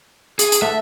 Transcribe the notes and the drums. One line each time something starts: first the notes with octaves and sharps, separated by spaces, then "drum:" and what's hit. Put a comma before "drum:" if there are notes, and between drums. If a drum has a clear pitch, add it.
G#4, drum: hi-hat
drum: hi-hat
A3 A4 E5